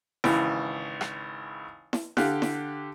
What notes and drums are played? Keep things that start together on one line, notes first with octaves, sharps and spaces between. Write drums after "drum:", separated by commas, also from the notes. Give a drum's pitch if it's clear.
G#1 C#3 E3, drum: snare E4
drum: rim click
drum: snare E4
D3 G4 F5 F#6, drum: snare E4
drum: snare E4